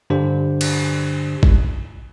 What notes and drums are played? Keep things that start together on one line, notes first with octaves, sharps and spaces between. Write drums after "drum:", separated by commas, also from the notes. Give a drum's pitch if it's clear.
G2 D3 D4 G4 C5
drum: cymbal
drum: kick